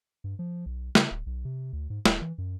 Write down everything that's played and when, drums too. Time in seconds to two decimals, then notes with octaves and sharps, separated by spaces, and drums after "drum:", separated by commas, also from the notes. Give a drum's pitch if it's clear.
0.24 G2
0.39 F3
0.66 B1
0.95 C#3, drum: snare
1.11 D1
1.26 B1
1.45 C3
1.73 D2
1.90 G#2
2.05 D1, drum: snare
2.22 E3
2.38 F#2